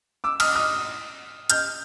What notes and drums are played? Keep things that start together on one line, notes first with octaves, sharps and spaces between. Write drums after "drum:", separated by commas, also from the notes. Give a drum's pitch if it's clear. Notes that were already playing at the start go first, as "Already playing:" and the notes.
D6 E6
D#6 F6, drum: cymbal
D#6 F6
F6 G6, drum: hi-hat